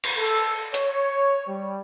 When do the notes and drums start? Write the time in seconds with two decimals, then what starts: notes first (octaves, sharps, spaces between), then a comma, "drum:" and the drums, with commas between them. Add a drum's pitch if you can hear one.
0.04 drum: cymbal
0.18 A4
0.74 C#5, drum: hi-hat
1.48 G3